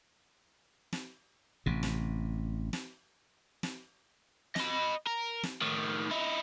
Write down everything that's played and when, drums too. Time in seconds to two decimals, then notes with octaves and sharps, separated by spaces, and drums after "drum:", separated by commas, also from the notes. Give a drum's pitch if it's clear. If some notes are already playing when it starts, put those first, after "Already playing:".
0.93 drum: snare
1.66 A1 C3
1.83 drum: snare
2.73 drum: snare
3.63 drum: snare
4.56 D#5 B5, drum: snare
5.07 A#4
5.43 drum: snare
5.61 A2 D#3
6.11 D#4 E4